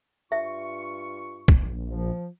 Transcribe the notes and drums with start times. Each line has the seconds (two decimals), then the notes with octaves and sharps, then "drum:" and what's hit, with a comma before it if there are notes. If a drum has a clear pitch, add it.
0.32 G2 F4 E5 C#6
1.48 drum: kick
1.63 A#1
1.92 F3